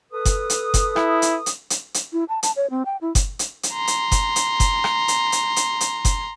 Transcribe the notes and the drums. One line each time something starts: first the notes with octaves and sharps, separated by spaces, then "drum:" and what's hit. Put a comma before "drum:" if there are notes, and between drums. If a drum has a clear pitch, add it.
A4 B4 D#6
drum: kick F#1, hi-hat
drum: hi-hat
drum: kick F#1, hi-hat
E4, drum: rim click
drum: hi-hat
drum: hi-hat
drum: hi-hat
drum: hi-hat
E4
A5
A5, drum: hi-hat
C#5
C4
G5
E4
drum: kick F#1, hi-hat
drum: hi-hat
drum: hi-hat
A#5 C6
drum: hi-hat
drum: kick F#1, hi-hat
drum: hi-hat
drum: kick F#1, hi-hat
drum: rim click
drum: hi-hat
drum: hi-hat
drum: hi-hat
drum: hi-hat
drum: kick F#1, hi-hat